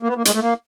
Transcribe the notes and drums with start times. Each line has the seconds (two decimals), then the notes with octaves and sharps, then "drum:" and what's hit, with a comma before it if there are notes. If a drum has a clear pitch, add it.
0.02 A#3
0.08 B3
0.17 A#3
0.25 G#3, drum: hi-hat
0.34 A3
0.42 A#3